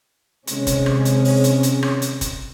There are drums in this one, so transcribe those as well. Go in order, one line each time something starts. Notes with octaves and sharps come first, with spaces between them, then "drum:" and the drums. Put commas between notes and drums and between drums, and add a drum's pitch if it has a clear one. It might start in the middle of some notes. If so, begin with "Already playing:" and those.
C3 D#3 G#3 C#4, drum: hi-hat
drum: kick F1, hi-hat
drum: rim click
drum: hi-hat
drum: open hi-hat
drum: hi-hat
drum: hi-hat
drum: rim click
drum: hi-hat
drum: kick F1, hi-hat